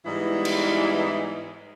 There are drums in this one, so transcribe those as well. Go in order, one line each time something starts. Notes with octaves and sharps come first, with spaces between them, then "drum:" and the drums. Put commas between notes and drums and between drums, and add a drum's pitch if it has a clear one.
G#2 E3 G3 B3 D#4 E4
drum: cymbal